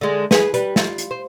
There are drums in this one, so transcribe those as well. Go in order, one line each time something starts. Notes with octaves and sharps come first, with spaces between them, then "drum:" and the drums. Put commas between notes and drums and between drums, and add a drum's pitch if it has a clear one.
D3 G#3
G#4 B4, drum: snare
G3 B4, drum: hi-hat
F4, drum: snare
drum: hi-hat
C5